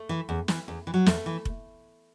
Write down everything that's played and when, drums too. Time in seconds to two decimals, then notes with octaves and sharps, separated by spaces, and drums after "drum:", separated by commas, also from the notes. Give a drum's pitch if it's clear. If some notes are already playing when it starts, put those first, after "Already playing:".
Already playing: A3
0.09 E3
0.29 E2
0.48 E3, drum: snare
0.68 E2
0.87 E3
0.94 F#3
1.06 E2 A3, drum: snare
1.26 E3
1.45 drum: kick F1